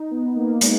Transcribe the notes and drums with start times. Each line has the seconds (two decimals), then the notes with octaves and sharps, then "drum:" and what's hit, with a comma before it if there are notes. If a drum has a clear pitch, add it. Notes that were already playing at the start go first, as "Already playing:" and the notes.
Already playing: D#4
0.11 B3
0.36 A#3
0.61 G#3, drum: hi-hat